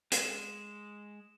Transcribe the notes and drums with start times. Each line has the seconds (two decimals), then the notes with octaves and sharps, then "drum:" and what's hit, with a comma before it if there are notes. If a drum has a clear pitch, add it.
0.12 G#3 E7, drum: hi-hat